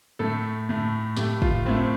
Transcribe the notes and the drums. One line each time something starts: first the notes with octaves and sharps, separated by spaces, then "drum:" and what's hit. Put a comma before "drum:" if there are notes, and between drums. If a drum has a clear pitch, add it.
A2 A3 A4
A2 A3
A2 A3 G4, drum: snare
F4, drum: kick
A2 A3 C4